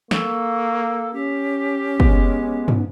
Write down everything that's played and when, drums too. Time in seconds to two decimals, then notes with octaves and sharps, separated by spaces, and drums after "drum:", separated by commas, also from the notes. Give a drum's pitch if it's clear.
0.11 A#3 A4 C#6, drum: snare
1.13 C#4 G4
2.00 G#3 B3, drum: kick
2.68 drum: tom G2